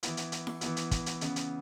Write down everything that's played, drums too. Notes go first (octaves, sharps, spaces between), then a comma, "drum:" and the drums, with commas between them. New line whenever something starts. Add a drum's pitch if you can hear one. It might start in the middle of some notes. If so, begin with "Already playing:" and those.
E3 B3 E4, drum: hi-hat
drum: hi-hat
drum: hi-hat
drum: snare E4
E3 B3 E4, drum: hi-hat
drum: hi-hat
drum: kick, hi-hat
drum: hi-hat
C#3 E3 B3, drum: hi-hat
drum: hi-hat